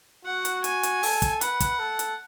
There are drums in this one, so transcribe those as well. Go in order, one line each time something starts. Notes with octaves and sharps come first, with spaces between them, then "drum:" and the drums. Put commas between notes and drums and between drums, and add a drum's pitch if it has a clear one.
F#4 F#5
drum: hi-hat
G#5, drum: hi-hat
drum: hi-hat
A4, drum: open hi-hat
drum: kick, hi-hat
B4 F#5, drum: hi-hat
drum: kick, hi-hat
A4
drum: hi-hat